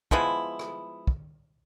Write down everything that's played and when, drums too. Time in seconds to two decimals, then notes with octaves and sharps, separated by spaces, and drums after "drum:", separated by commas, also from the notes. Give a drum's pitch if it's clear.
0.11 F3 G#3 B3 E4, drum: kick
0.59 drum: rim click
1.07 drum: kick